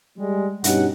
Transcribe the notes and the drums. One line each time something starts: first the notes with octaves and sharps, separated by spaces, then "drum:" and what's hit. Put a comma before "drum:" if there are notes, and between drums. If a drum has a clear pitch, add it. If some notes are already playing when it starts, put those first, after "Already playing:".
G3 G#3
G2 B2 C#4 D#4 G4 F#5, drum: hi-hat